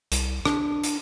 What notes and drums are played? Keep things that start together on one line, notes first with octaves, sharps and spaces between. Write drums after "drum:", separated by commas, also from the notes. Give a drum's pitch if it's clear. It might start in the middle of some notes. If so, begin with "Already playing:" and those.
C2, drum: hi-hat
D4, drum: rim click
drum: hi-hat